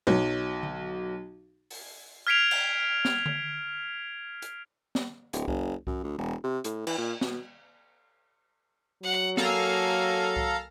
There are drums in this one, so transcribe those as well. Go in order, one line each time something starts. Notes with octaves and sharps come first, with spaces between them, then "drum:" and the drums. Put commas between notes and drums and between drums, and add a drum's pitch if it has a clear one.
B1 F#3
drum: tom D3
drum: open hi-hat
F6 G#6 B6 C7 D7 F7
drum: cymbal
drum: snare
drum: tom D3
drum: hi-hat
drum: snare
D1, drum: hi-hat
F#1, drum: kick C2
F#2, drum: kick C2
D2
E1
C3
A2, drum: hi-hat
E3, drum: cymbal
A#2
B2, drum: snare
F#3 F#5
A#3 A4 F5 G#5 A#5, drum: snare
drum: kick C2